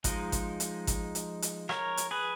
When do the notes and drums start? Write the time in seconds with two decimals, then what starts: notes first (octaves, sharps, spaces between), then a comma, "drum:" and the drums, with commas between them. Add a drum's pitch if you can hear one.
0.04 F3 G#3 D#4, drum: kick G#1, hi-hat
0.32 drum: kick G#1, hi-hat
0.60 drum: hi-hat
0.87 drum: kick G#1, hi-hat
1.15 drum: hi-hat
1.42 drum: hi-hat
1.69 A#4 C#5, drum: rim click
1.97 drum: hi-hat
2.11 G#4 B4